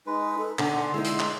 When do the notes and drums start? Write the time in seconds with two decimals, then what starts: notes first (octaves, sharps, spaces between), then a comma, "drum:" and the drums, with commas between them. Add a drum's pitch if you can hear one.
0.06 G#3 D#4 B4
0.38 A4
0.59 D3 C#4 F#5, drum: clap
0.78 C6
0.94 G#3 D#4 E4 C6 E6
1.04 drum: hi-hat
1.20 drum: clap